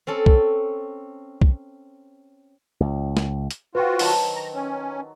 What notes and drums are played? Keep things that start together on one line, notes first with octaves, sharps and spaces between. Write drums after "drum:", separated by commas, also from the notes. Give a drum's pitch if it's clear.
C4 C#4 A4
drum: kick
drum: kick
C#2
drum: snare
drum: hi-hat
F4 F#4 B4 C5 G5
D#3 F#3 A5, drum: open hi-hat
A#5
C#4